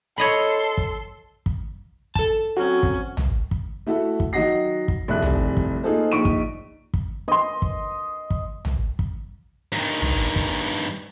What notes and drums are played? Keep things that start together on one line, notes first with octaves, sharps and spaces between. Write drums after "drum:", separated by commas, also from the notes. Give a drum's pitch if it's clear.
A4 C#5 D#5 B5 C6
drum: kick
drum: kick
A4 A5, drum: kick
F#3 C4 C#4 F#4
drum: kick
drum: tom A#1
drum: kick
A3 E4 F#4 A4
drum: kick
D#3 F#3 D#5 F#5 A#6 C7
drum: kick
F1 C2 G#4 E5 F#6
drum: tom A#1
drum: kick
A#3 D#4 F4 G#4 A4 C5
A#1 D#4 C#6 D7 D#7
drum: kick
drum: kick
D#5 C6
drum: kick
drum: kick
drum: tom A#1
drum: kick
G2 D#3
drum: tom A#1
drum: kick